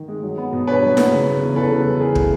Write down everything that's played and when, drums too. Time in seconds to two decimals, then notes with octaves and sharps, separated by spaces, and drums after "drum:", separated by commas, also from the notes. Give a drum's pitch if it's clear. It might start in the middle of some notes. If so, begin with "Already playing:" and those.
Already playing: D#3
0.08 G#3
0.23 F#3
0.37 B3
0.53 B2
0.67 D4 B4 C#5
0.82 F#3
0.97 B3, drum: snare E4
1.12 C#3
1.27 F#3
1.42 E2
1.56 E2 A4 B4
1.71 C#3
1.86 F#3
2.00 E3 G#4 A#4
2.15 A3, drum: kick